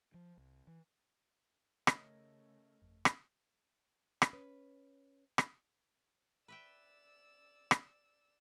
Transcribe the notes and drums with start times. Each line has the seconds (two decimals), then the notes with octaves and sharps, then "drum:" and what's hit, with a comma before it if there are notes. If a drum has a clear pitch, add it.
0.14 F3
0.38 C2
0.67 E3
1.87 C#3 A3 A#4 C#5 D#5, drum: rim click
2.82 G1 F2
3.05 drum: rim click
4.22 drum: rim click
4.33 C#4 B4
5.38 drum: rim click
6.48 B4 D5 E5 G5 E6
7.71 drum: rim click